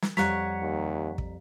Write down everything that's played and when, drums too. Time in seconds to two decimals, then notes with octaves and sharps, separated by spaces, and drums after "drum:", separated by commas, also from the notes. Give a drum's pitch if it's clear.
0.02 drum: snare
0.17 F2 G3 C#5 F5 F#5 A#5 B6, drum: snare
0.63 D#2
1.18 drum: kick